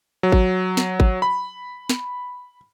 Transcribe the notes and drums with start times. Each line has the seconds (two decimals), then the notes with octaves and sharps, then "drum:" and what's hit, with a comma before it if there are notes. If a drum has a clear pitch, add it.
0.23 F#3
0.32 drum: kick G#1
0.77 drum: snare
1.00 drum: kick G#1
1.22 B5
1.89 drum: snare